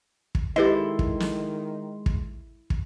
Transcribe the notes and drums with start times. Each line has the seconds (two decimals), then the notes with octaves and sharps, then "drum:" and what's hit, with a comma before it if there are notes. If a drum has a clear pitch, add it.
0.35 drum: kick
0.56 D#3 G#3 E4 G4 A4 B4 D#5 C6
0.99 drum: kick
1.20 drum: snare
2.06 drum: kick
2.70 drum: kick